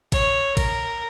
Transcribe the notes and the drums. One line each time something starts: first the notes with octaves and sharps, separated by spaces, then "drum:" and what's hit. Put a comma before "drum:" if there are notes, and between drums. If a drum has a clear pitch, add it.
C#5, drum: kick A1, cymbal
A#4, drum: kick A1, cymbal